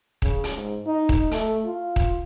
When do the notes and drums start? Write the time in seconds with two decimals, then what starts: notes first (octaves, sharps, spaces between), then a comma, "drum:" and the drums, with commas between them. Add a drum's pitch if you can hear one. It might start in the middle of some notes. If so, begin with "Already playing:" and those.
0.22 C#3, drum: kick D#1
0.44 drum: hi-hat
0.55 G#2
0.87 D#4
1.09 drum: kick D#1
1.31 A3, drum: hi-hat
1.65 F4
1.96 drum: kick D#1